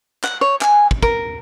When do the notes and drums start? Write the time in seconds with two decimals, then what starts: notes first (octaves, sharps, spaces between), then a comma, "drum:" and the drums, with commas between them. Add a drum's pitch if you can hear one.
0.24 F#5, drum: clap
0.41 C#5
0.61 G#5, drum: clap
0.91 drum: kick
1.02 A#4, drum: kick